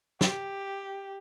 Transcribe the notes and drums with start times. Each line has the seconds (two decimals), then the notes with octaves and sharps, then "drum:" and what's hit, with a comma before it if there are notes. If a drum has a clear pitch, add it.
0.21 G4, drum: snare